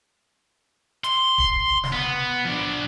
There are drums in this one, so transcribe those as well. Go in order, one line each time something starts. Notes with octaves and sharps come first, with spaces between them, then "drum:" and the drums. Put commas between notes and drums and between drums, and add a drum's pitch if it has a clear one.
C6, drum: hi-hat
drum: kick D1
drum: snare
B3
F3 D4